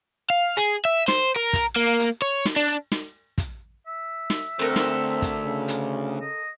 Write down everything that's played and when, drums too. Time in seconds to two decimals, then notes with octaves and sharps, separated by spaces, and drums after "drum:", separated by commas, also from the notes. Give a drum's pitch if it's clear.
0.30 F5
0.57 G#4
0.85 E5
1.08 C5, drum: snare
1.36 A#4
1.53 drum: kick, hi-hat
1.76 A#3
1.99 drum: hi-hat
2.22 C#5
2.45 drum: snare
2.56 D4
2.92 drum: snare
3.38 drum: kick, hi-hat
3.87 E5
4.30 drum: snare
4.59 D2 C4 A4 A#4
4.76 drum: snare
5.22 drum: kick, hi-hat
5.43 C#3
5.68 drum: hi-hat
6.21 D#5